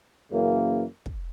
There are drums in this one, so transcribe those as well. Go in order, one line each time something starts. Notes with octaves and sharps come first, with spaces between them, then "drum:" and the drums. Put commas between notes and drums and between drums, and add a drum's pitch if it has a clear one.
F#2 C#3 E3 A#3
drum: kick